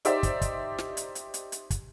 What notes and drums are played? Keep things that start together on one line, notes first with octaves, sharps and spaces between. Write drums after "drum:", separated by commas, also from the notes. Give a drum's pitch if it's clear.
D#4 G4 C5 D5 E5, drum: hi-hat
drum: kick, hi-hat
drum: kick, hi-hat
drum: snare
drum: hi-hat
drum: hi-hat
drum: hi-hat
drum: hi-hat
drum: kick, hi-hat